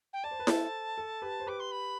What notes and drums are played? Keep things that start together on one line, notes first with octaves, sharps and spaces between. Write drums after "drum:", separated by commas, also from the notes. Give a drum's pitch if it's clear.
G5
D5 A5
C5
B4
A4 C5, drum: snare E4
A4
G4 B4
C5
G4 B4 D6
C6
B5